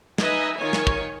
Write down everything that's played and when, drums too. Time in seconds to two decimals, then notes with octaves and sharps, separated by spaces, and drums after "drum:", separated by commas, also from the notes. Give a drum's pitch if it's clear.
0.18 D#4 B4 D#5 E5 G#5, drum: snare
0.55 D#3 F4 C#5 G#5
0.73 drum: snare
0.87 drum: kick